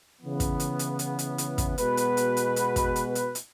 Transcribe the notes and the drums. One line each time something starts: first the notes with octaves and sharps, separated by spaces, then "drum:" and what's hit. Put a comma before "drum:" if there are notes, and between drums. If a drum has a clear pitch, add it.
C#3 E3 B3
drum: kick, hi-hat
drum: hi-hat
drum: hi-hat
drum: hi-hat
drum: hi-hat
drum: hi-hat
drum: kick, hi-hat
B2 G#3 B3 F#4 B4, drum: hi-hat
drum: hi-hat
drum: hi-hat
drum: hi-hat
drum: hi-hat
drum: kick, hi-hat
drum: hi-hat
drum: hi-hat
drum: hi-hat